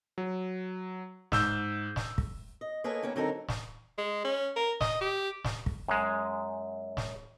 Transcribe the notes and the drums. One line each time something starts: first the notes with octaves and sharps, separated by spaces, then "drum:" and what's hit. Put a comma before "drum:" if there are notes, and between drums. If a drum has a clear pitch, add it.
F#3
G#2 E6 G6, drum: snare
drum: snare
drum: kick
D#5
A#3 G#4 A4 B4 C#5 D#5
D#3 A#3 B3 C#4
D3 F#3 C4 D#4 A4 A#4
drum: snare
G#3
C#4
A#4
D#5, drum: snare
G4
drum: snare
drum: kick
F#2 G#3
drum: snare